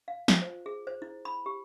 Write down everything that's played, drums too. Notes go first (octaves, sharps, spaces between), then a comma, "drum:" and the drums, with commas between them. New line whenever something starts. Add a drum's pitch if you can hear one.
F5
F4, drum: snare
C5
G#4
C5
E4
B5
G4